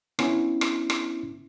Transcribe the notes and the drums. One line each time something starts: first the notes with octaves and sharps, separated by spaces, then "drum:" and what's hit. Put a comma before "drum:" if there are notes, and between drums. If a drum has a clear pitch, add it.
B3 C#4 D4 E4, drum: rim click
drum: rim click
drum: rim click